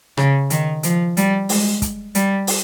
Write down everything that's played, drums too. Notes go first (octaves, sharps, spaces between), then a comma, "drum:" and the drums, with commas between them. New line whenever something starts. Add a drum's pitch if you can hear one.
C#3, drum: rim click
D#3, drum: hi-hat
F3, drum: hi-hat
G3, drum: hi-hat
G#3, drum: open hi-hat
drum: kick, hi-hat
G3, drum: hi-hat
drum: open hi-hat